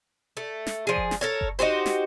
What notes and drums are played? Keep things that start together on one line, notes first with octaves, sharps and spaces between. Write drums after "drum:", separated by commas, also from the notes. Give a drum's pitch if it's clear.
A3
drum: snare
F3 G#4
drum: kick F#1
drum: snare
A4 A#4 C#5
drum: kick F#1
D#4 F#4 G4 C5
drum: snare